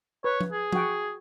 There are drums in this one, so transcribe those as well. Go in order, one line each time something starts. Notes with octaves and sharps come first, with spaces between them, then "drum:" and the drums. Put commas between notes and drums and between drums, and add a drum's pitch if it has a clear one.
B4 C#5
drum: tom F3
G#4
F#4 G5, drum: tom F3